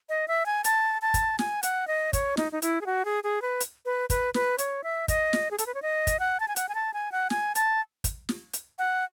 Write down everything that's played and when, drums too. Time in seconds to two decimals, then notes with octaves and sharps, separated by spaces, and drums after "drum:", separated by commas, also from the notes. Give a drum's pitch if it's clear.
0.09 D#5
0.28 E5
0.46 G#5
0.64 A5, drum: hi-hat
1.02 A5
1.14 drum: kick, hi-hat
1.39 G#5, drum: snare
1.63 F#5, drum: hi-hat
1.87 D#5
2.13 C#5, drum: kick, hi-hat
2.37 D#4, drum: snare
2.52 D#4
2.62 E4, drum: hi-hat
2.81 G#4
2.86 F#4
3.05 G#4
3.24 G#4
3.42 B4
3.60 drum: hi-hat
3.85 B4
4.10 B4, drum: kick, hi-hat
4.34 B4, drum: snare
4.58 C#5, drum: hi-hat
4.84 E5
5.08 D#5, drum: kick, hi-hat
5.33 drum: snare
5.51 G#4
5.58 A4, drum: hi-hat
5.66 B4
5.74 C#5
5.82 D#5
6.07 drum: kick, hi-hat
6.19 F#5
6.40 A5
6.48 G#5
6.56 F#5, drum: hi-hat
6.69 G#5
6.75 A5
6.94 G#5
7.12 F#5
7.30 G#5, drum: snare
7.55 A5, drum: hi-hat
8.04 drum: kick, hi-hat
8.29 drum: snare
8.53 drum: hi-hat
8.79 F#5